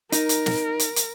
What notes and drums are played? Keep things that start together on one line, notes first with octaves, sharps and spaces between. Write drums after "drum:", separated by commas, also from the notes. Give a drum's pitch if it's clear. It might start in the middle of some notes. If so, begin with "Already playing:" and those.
D#4 A#4, drum: hi-hat
drum: hi-hat
drum: snare
drum: hi-hat
drum: hi-hat